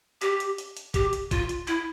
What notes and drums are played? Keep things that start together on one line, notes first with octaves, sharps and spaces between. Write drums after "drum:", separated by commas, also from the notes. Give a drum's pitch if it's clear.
G4, drum: hi-hat
drum: hi-hat
drum: hi-hat
drum: hi-hat
G4, drum: kick, hi-hat
drum: hi-hat
F4, drum: kick, hi-hat
drum: hi-hat
E4, drum: hi-hat